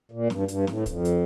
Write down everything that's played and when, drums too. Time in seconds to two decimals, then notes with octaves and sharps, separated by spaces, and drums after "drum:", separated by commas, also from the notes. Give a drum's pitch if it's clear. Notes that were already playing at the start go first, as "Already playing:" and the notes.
0.11 A#2
0.30 G2, drum: snare
0.48 G2, drum: hi-hat
0.67 A2, drum: snare
0.86 F2, drum: kick, hi-hat
1.05 drum: hi-hat